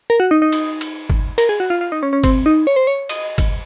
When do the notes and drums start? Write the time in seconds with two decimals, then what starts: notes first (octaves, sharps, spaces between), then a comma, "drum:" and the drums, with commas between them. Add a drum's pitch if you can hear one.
0.10 A#4
0.20 F#4
0.31 D#4
0.42 D#4
0.52 drum: cymbal
0.81 drum: cymbal
1.10 drum: kick G1
1.38 A#4, drum: cymbal
1.49 G#4
1.60 F#4
1.70 F4
1.81 F4
1.92 D#4
2.03 C#4
2.13 C#4
2.24 C4, drum: kick G1, cymbal
2.46 D#4
2.67 C#5
2.76 C5
2.87 C#5
3.09 D#5, drum: cymbal
3.38 drum: kick G1, cymbal